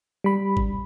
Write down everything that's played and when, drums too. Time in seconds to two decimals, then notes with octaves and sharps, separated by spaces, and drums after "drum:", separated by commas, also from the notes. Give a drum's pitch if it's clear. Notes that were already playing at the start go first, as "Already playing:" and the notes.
0.24 G3 B5
0.57 drum: kick